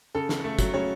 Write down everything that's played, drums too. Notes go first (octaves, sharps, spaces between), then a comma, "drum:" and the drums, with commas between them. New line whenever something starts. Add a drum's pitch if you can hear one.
C#3 A4
C#3, drum: snare
A3
F#3, drum: kick, hi-hat
C#3 C#5